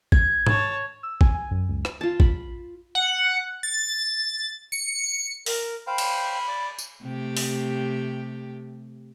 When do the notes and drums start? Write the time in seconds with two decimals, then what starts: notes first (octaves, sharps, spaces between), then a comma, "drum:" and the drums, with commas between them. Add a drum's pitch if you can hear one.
0.12 G#6, drum: kick
0.47 C#5 A5, drum: tom G#2
1.03 E6
1.21 G#5, drum: kick
1.35 G#5
1.51 F#2
1.69 C#2
1.85 drum: rim click
2.01 F4 A5
2.20 B5, drum: kick
2.95 F#5
3.63 A6
4.72 C#7
5.46 A#4, drum: open hi-hat
5.87 C5 F5 G5 B5
5.98 drum: cymbal
6.48 D5 D6
6.79 drum: tambourine
7.03 C3 A3 G4
7.37 drum: open hi-hat